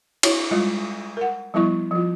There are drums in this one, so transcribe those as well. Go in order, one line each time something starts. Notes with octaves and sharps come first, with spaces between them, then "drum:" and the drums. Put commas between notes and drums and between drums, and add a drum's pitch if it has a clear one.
E4 F#4 C#5, drum: cymbal
G3 G#3 F4 D#5
A#4 F#5
F3 G3 B3 E4 D#5 C#6
F3 F4